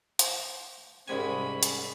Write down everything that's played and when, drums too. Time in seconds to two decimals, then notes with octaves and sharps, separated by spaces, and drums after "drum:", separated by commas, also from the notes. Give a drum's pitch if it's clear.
0.19 C5, drum: hi-hat
1.08 C2 G#2 C#4 G#5 B5
1.63 drum: hi-hat